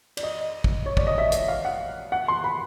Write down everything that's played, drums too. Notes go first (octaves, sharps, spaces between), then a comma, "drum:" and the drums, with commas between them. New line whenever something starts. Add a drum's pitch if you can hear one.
D5, drum: cymbal
D#5
drum: kick
C#5
D5, drum: kick
D#5
E5
drum: hi-hat
F5
F#5
F#5
C6
B5